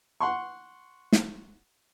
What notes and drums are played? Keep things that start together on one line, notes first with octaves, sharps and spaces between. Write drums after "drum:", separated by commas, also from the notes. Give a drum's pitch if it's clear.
F#5 C6 C#6
drum: snare